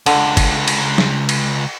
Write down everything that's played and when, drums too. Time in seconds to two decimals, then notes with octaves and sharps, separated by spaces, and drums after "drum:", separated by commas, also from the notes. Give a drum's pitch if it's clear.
0.06 C#2 D3, drum: cymbal
0.37 drum: kick, cymbal
0.68 drum: cymbal
0.98 drum: snare G3
1.29 drum: cymbal